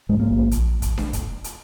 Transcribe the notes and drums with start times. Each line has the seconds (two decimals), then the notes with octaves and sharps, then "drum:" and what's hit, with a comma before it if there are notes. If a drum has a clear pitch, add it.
0.09 G#2 G#3
0.20 A#3
0.30 A#1
0.51 A#1, drum: hi-hat
0.82 drum: kick, hi-hat
0.98 drum: snare D4
1.13 drum: kick, hi-hat
1.44 drum: hi-hat